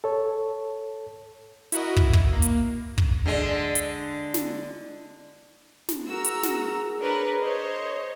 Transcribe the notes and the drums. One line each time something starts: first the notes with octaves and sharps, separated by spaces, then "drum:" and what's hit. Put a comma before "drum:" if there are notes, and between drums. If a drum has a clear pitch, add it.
A4 C#5
E4 F#4 A#4 D#5, drum: hi-hat
E4, drum: kick
drum: kick
A#3
drum: hi-hat
drum: kick
D3 G#3
drum: hi-hat
drum: snare
drum: snare
F#4 G#4 A#4 A#5 E6
drum: hi-hat
drum: snare
D4 A#4 B4 C#5
C5 C#5 D#5